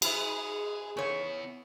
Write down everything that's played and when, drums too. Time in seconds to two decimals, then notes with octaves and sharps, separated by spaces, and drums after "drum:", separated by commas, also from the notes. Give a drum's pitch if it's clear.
0.02 G#2 D#4 G#4 B4, drum: cymbal
0.97 C#3 B3 E4 C#5